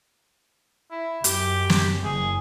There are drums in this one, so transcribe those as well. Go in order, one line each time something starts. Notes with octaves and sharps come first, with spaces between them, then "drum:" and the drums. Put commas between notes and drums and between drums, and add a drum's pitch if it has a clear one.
E4
F#2 G4, drum: hi-hat
drum: snare
F#1 G#4